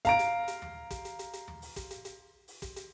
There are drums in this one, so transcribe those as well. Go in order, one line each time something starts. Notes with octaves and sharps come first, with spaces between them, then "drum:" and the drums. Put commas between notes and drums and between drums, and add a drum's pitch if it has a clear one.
F5 A#5 D7, drum: kick, hi-hat
drum: hi-hat
drum: hi-hat
drum: tom D#2
drum: kick, hi-hat
drum: hi-hat
drum: hi-hat
drum: hi-hat
drum: tom D#2
drum: open hi-hat
drum: kick, hi-hat
drum: hi-hat
drum: hi-hat
drum: open hi-hat
drum: kick, hi-hat
drum: hi-hat